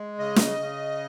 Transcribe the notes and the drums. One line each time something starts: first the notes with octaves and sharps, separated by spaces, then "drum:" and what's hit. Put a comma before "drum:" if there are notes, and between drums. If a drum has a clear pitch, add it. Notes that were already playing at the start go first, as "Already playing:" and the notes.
Already playing: G#3
C#3 D#5
drum: snare
C#3